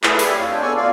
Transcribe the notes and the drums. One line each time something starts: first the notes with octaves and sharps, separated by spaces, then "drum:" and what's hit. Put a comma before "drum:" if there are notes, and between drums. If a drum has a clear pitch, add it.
A3 E4 G#4 B4, drum: clap
G4 D5 E5 G#5, drum: open hi-hat
F2 C#5 F5
G#3 C4 D4 G5
B3 A4 C#5 D5 G#5 C#6
B2 A3 F4 D5 F5